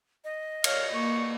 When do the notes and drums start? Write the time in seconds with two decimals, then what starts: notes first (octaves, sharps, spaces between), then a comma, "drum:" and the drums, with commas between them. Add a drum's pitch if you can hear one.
0.24 D#5
0.64 C#5 F5, drum: cymbal
0.94 A#3 C#6